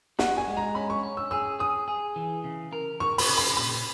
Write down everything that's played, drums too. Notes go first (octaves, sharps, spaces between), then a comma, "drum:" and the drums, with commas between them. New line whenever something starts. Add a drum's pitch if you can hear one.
F#4 F#5, drum: snare
G#5
G#3
A#5
C#4 B5
C#6
C#4
E6
G#4 E6
G#4 D#6
G#4
E3
C#3
A#4
A#4 C#6
B5, drum: open hi-hat
C#3
B5
A#2 B5